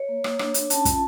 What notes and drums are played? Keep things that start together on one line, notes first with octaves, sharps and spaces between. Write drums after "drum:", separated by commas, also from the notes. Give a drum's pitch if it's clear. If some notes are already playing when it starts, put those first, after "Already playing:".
Already playing: C#5
A#3
A#3, drum: rim click
D4, drum: rim click
D4, drum: hi-hat
C#4 A5, drum: hi-hat
F4, drum: kick, hi-hat